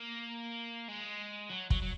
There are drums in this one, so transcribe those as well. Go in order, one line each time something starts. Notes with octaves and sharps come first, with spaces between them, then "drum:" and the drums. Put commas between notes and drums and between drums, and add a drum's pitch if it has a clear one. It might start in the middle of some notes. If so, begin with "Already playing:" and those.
Already playing: A#3
G#3
F#3
F#3, drum: kick
F#3